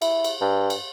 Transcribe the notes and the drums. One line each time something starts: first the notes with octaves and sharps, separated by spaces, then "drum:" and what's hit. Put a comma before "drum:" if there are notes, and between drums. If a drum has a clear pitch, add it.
E4, drum: cymbal
drum: cymbal
G2
drum: cymbal